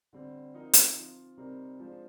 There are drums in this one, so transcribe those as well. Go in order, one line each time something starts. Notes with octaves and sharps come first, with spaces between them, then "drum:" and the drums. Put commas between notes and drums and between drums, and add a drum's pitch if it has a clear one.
D3 G3 C4
F3 C4 D#4 A#4
drum: hi-hat
F3 C4 F4
C3 G3 C4 D#4 A#4
F3 G#3 D4 F4 C5